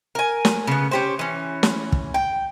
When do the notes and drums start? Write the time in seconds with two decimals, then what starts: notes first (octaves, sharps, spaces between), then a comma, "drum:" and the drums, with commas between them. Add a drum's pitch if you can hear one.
0.15 A#4 G#5
0.45 drum: snare
0.67 C#3 B3
0.91 C#4 G4 C5
1.19 E3 C#4
1.63 drum: snare
1.92 drum: kick
2.14 G5